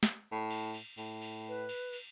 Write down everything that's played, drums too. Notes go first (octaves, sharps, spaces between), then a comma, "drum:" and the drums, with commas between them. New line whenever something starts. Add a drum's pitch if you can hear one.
drum: snare
A2
drum: cymbal
drum: cymbal
A2, drum: cymbal
drum: cymbal
B4
drum: cymbal
drum: cymbal